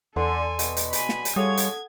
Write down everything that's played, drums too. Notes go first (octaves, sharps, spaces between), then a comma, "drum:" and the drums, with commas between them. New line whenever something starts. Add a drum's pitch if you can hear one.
E2 D3 A4 D5 G#5 C6
B2, drum: hi-hat
drum: hi-hat
G#5 B5, drum: hi-hat
drum: snare
drum: hi-hat
G3 F4 G#4 A4 C#5 F#5 D#6 G#6
drum: hi-hat